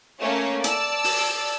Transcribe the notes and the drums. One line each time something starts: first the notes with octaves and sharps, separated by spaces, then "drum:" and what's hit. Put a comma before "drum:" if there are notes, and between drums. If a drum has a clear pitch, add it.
A3 A#3 C#4 C#5 F5
D5 A5 E6, drum: hi-hat
drum: open hi-hat